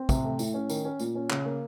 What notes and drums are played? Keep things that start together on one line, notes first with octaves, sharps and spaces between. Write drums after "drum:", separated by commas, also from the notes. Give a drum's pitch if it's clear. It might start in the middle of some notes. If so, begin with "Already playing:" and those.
Already playing: C4
C3, drum: kick, tambourine
A3
A2, drum: tambourine
C#4
D#3, drum: tambourine
C#4
A#2, drum: tambourine
C#4
C#3, drum: clap
A#3